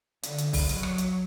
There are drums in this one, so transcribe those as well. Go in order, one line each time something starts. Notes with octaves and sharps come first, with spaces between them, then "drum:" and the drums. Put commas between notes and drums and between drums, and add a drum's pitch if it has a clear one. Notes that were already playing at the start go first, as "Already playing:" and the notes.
D3, drum: hi-hat
drum: hi-hat
drum: kick, open hi-hat
F#3, drum: hi-hat
drum: rim click
drum: hi-hat